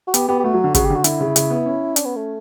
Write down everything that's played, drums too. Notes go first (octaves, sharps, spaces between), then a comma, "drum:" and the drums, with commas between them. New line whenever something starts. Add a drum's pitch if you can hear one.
F#4
B3 G4, drum: hi-hat
B3 G4
G4
A3 F#4
F#3
D3
C#3 F#4, drum: kick, hi-hat
G4
D3
F#4
D3 E4, drum: hi-hat
C#3
C#3, drum: hi-hat
B3
C#4
D4, drum: hi-hat
B3
A3